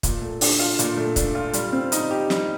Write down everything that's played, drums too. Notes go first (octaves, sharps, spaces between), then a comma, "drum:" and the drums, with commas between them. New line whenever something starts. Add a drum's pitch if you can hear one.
A#2, drum: kick, hi-hat
A3
D4, drum: open hi-hat
F4
A#2, drum: hi-hat
A3
D4, drum: kick, hi-hat
F4
G3, drum: hi-hat
C4
D#4, drum: hi-hat
G4
G3, drum: snare